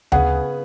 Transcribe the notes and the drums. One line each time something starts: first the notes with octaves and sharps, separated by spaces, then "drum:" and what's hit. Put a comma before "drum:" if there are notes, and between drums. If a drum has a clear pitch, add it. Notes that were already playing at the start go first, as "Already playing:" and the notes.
C#3 B3 G#4 B4 F#5, drum: tom D2